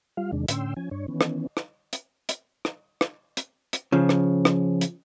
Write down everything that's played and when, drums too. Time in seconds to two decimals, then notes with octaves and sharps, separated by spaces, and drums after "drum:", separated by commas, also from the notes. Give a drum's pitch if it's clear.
0.17 G3 F4 F5
0.32 E2 C3 D#3 G#3 D4
0.48 A2 D3 C#4 G5 C6 E6, drum: hi-hat
0.77 F3 C#4 G#5
0.91 G2 D4 C#5
1.08 D#3 E3 B3 C#4
1.21 drum: rim click
1.57 drum: rim click
1.93 drum: hi-hat
2.29 drum: hi-hat
2.65 drum: rim click
3.01 drum: rim click
3.37 drum: hi-hat
3.73 drum: hi-hat
3.92 C#3 F3
4.09 drum: rim click
4.45 drum: rim click
4.81 drum: hi-hat